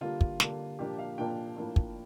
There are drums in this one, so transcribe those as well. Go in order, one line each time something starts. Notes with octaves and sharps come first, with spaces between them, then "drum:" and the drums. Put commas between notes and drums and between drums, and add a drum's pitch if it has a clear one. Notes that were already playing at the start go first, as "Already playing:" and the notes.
D3 G3 A#3 F4
drum: kick
D3 G3 A#3, drum: snare
A#2 F3 A#3 D4 G4
F5
A#2 F3 A#3 D4 G5
A2 F3 A#3 D4
drum: kick